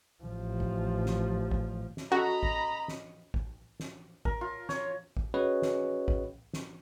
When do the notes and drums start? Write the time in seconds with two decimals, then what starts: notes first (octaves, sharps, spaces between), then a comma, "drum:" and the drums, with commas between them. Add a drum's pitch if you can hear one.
0.24 A1 F3
0.60 drum: kick
1.06 drum: snare
1.51 drum: kick
1.97 drum: snare
2.12 C#4 F#4 A4 D#5 A#5 B5
2.43 drum: kick
2.88 drum: snare
3.34 drum: kick
3.80 drum: snare
4.25 A#4, drum: kick
4.41 F4
4.69 C#5, drum: snare
5.17 drum: kick
5.34 C#4 F#4 G#4 B4 C#5 D#5
5.62 drum: snare
6.08 drum: kick
6.53 drum: snare